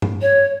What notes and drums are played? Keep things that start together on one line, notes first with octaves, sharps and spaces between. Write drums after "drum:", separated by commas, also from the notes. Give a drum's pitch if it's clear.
drum: tom G2
C#5